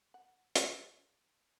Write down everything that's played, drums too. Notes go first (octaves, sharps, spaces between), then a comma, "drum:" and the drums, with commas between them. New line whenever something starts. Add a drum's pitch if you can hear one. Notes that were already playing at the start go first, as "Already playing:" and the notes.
F#5
G#4, drum: hi-hat